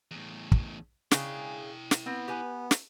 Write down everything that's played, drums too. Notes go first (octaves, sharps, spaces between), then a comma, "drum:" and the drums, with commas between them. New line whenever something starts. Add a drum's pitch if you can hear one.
E2 A2
drum: kick
C#3 D4 E4 G#4 G5, drum: snare
drum: snare
B3 C4
G4 B4 G#5
drum: snare